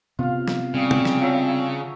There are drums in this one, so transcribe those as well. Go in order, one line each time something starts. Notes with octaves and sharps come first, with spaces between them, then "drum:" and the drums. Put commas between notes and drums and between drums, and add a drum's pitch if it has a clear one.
C3 B3 F4 F5
drum: snare
C#3 G3 C4
drum: tom
drum: snare
F3 F#3 E5